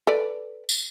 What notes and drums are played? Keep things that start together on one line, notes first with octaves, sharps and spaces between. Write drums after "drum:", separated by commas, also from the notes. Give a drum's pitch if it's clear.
A4 B4 D5
drum: tambourine